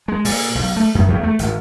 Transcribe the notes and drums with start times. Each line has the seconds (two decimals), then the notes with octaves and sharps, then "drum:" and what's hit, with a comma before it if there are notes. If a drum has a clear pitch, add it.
0.08 G#3
0.25 A#2, drum: open hi-hat
0.55 B1
0.76 A3
0.95 F#2
1.08 E2
1.23 A3
1.39 G#1, drum: hi-hat